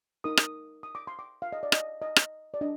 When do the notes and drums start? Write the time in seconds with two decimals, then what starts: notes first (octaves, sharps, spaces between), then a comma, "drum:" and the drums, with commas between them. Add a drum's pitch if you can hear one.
0.24 D#4 A#4 D#6
0.37 D#6, drum: rim click
0.83 D#6
0.95 D6
1.07 C6
1.19 D6
1.42 F5
1.53 D#5
1.63 D5
1.72 D#5, drum: rim click
2.02 D#5
2.16 drum: rim click
2.54 D5
2.61 D4 D#5